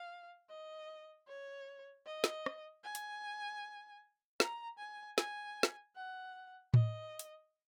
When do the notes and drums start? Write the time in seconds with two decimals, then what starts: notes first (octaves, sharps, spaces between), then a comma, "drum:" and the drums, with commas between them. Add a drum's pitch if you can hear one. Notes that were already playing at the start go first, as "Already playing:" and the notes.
Already playing: F5
0.49 D#5
1.28 C#5
2.06 D#5
2.24 drum: snare
2.46 drum: rim click
2.84 G#5
2.95 drum: hi-hat
4.40 A#5, drum: snare
4.78 G#5
5.18 G#5, drum: snare
5.63 drum: snare
5.96 F#5
6.74 D#5, drum: tom A2
7.19 drum: hi-hat